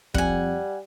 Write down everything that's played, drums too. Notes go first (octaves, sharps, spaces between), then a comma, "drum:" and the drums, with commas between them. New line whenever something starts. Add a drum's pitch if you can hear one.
F2 G3 F#5 G#5, drum: kick